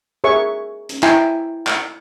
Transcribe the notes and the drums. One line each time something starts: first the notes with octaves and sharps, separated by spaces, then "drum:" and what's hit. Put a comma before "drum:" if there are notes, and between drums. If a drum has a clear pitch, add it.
G#4 A#4 C#5 E5 C#6
drum: hi-hat
E4 E5 G5 G#5 A#5, drum: clap
drum: clap